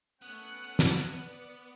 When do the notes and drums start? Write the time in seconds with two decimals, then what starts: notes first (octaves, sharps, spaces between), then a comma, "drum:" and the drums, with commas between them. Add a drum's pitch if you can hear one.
0.22 A3 B3 C#4 F#5 F#6
0.79 drum: snare
1.11 B4 D5